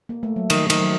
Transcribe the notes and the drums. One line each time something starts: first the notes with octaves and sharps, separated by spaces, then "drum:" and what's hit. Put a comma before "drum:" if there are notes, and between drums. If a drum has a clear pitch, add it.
A#3
A3
F#3
D#3 F3, drum: cymbal
D#3, drum: cymbal
F#3